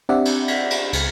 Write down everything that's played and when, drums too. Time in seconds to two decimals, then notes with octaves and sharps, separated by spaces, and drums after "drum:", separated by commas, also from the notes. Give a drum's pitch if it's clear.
0.09 C4 D4 G4 D5 E5 F#5
0.25 drum: cymbal
0.48 drum: cymbal
0.70 drum: cymbal
0.93 C#2, drum: cymbal